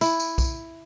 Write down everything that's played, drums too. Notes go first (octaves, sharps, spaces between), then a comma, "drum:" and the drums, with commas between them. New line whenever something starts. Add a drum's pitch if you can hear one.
E4, drum: tambourine
drum: tambourine
drum: kick B1, tambourine